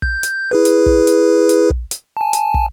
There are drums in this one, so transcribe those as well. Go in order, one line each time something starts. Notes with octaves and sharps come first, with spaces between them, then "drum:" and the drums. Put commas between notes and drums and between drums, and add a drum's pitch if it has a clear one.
G6, drum: kick
drum: hi-hat
E4 G#4 B4
drum: hi-hat
drum: kick
drum: hi-hat
drum: hi-hat
drum: kick
drum: hi-hat
G#5 A5
drum: hi-hat
drum: kick